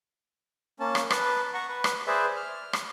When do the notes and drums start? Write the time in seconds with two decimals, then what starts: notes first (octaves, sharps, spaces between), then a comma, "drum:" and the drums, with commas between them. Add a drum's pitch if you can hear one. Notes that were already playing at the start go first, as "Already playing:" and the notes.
0.80 A#3 C#4 A5
0.95 drum: rim click
1.10 B4 A5, drum: rim click
1.54 F#5 A#5 C#6
1.69 B4
1.84 drum: rim click
2.07 G#4 B4 C5 D5 E5
2.36 F6
2.73 drum: rim click